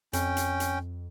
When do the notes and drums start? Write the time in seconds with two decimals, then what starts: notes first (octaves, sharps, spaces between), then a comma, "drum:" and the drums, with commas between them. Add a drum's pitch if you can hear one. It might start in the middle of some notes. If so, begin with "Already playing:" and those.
0.13 F2 C#4 G5, drum: hi-hat
0.37 drum: hi-hat
0.60 drum: hi-hat